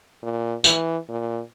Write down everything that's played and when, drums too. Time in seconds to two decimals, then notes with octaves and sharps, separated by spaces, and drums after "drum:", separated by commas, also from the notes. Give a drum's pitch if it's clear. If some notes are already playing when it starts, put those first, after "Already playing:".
0.23 A#2
0.64 E3, drum: tambourine
1.09 A#2